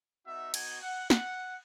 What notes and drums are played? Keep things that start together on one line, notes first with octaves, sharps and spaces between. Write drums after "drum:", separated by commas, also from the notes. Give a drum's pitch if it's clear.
B3 D#4 F#4 E5
G#5, drum: cymbal
F#5
F#5, drum: snare